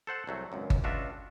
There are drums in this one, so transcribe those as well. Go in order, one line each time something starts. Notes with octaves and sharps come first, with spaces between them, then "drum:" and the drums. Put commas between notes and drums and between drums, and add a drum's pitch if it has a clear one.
A4 C5 F#5
C2 F#3 A3
G#1 C#2 F#2
drum: kick G1
C#2 D4 F4 F#4 E5